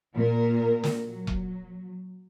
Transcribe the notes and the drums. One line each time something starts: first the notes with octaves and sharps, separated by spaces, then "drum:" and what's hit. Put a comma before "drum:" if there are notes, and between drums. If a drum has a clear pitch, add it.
A#2 A#4
drum: snare
F#3
drum: kick E1